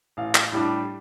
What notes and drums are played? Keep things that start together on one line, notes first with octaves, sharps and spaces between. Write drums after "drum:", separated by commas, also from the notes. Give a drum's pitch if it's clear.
A1 F5
drum: clap
A2 G3 D4